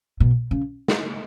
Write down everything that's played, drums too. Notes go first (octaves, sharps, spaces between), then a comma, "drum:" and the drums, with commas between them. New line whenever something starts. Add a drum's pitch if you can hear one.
B2
C#3
drum: snare